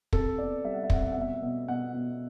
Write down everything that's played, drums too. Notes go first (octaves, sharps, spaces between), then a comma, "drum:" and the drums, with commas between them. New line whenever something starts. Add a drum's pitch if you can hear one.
C3 A4, drum: kick
B3 D5
G3 E5
F#5
E5
C3 F#5, drum: kick
E5
F#5
B2
E5
B2
B2 F#5
B2